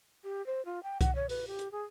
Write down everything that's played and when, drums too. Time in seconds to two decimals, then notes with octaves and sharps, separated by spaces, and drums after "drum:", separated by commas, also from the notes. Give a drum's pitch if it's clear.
0.24 G4
0.46 C5
0.65 F4
0.83 G5
1.01 F#5, drum: kick C2, hi-hat
1.15 C#5
1.29 B4, drum: open hi-hat
1.47 G4
1.59 drum: hi-hat
1.72 G#4